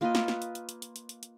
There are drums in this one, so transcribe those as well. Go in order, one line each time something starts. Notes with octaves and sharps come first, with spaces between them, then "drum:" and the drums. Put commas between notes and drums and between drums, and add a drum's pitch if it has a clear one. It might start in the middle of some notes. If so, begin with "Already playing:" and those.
A#3 F4 B4 D#5
drum: snare
drum: snare
drum: hi-hat
drum: hi-hat
drum: hi-hat
drum: hi-hat
drum: hi-hat
drum: hi-hat
drum: hi-hat